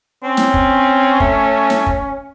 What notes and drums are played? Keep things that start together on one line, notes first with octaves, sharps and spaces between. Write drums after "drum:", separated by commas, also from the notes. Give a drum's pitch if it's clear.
C4 C#4
drum: snare
drum: kick
A3, drum: kick
drum: snare
drum: kick